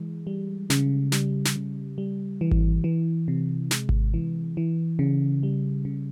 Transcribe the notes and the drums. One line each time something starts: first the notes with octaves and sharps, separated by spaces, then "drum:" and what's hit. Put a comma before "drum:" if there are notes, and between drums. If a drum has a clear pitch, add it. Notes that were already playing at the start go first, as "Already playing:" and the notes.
Already playing: E3 G#3
G3
C#3, drum: snare
G3, drum: snare
drum: snare
C#3
G3
E3
drum: kick G#1
E3
C3
G#3, drum: snare
drum: kick G#1
E3
E3
C#3
G3
C#3